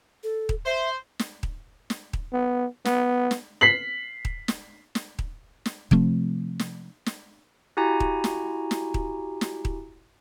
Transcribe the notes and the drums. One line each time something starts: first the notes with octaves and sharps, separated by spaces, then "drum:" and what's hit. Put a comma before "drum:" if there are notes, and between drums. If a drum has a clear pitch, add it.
A4
drum: kick D#1
C5 E5
drum: snare
drum: kick D#1
drum: snare
drum: kick D#1
B3
B3, drum: snare
drum: snare
B6 C7 F#7
drum: kick D#1
drum: snare
drum: snare
drum: kick D#1
drum: snare
C3 F3 A3 C4, drum: kick D#1
drum: snare
drum: snare
E4 F#4 G4 G#5 A#5
drum: kick D#1
drum: snare
drum: snare
drum: kick D#1
drum: snare
drum: kick D#1